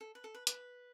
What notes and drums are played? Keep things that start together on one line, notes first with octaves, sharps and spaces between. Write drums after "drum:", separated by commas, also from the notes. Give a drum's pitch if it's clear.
A4
B4
A4
B4
B4, drum: hi-hat